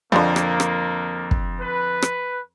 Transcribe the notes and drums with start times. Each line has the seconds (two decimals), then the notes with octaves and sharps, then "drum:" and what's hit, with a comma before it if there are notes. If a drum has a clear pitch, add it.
0.12 F2 D3 F3 A#3
0.36 drum: rim click
0.60 drum: rim click
1.31 drum: kick
1.60 B4
2.02 drum: rim click